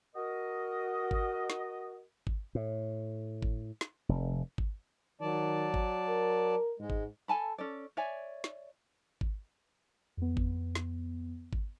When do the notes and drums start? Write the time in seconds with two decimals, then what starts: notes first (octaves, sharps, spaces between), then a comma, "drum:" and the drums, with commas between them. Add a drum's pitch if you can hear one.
0.16 F#4 A#4 D#5
1.11 drum: kick G#1
1.50 drum: snare
2.27 drum: kick G#1
2.55 A2
3.42 drum: kick G#1
3.81 drum: snare
4.09 F1
4.58 drum: kick G#1
5.21 D#3 F#3 D5 A5
5.74 drum: kick G#1
6.08 A#4
6.79 G#2 G#3
6.90 drum: kick G#1
7.28 A4 G#5 A5 B5
7.58 C#4 A4 D5
7.97 C#5 D5 E5 G#5
8.44 drum: snare
9.21 drum: kick G#1
10.17 F2 B3
10.37 drum: kick G#1
10.75 drum: snare
11.53 drum: kick G#1